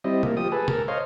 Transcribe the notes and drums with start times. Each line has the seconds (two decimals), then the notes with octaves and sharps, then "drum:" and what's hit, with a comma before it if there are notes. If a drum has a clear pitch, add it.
0.04 G3 C4 E4 D#5
0.23 A3 A#3, drum: tom
0.37 F3 G4 D#6
0.52 G#4 A4 B4
0.68 A4 A#4, drum: tom
0.88 C5 C#5 D#5 F5